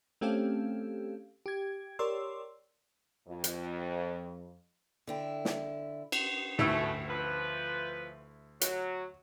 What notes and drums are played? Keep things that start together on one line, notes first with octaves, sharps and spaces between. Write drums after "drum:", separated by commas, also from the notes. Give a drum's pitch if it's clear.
A3 C4 C#4 G4 A4 F5
G4 G#6
G4 A#4 C#5 D5 C6 E6
F2
drum: hi-hat
D3 E4 G5
drum: snare
drum: cymbal
D2 B2 A3 E4 E6, drum: tom
F3 B4
F#3, drum: hi-hat